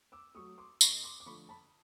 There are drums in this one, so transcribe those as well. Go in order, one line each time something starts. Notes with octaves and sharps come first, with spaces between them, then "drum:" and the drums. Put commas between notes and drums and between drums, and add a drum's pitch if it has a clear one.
D6 E6
F#3 A3 C#6 D#6
C6 D6
F2 B5 C#6, drum: tambourine
C6 D6
D6
D3 F3 A3 B5 C#6
A5 B5